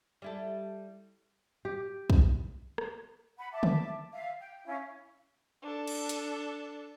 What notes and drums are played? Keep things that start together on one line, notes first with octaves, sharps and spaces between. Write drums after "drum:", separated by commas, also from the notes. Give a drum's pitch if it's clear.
G3 E4 A4
G4
drum: kick
drum: rim click
F#5 B5
E5 A5 D6
drum: tom
E5 F5
G5
C#4 E4 F5
D4 A4
drum: cymbal
drum: hi-hat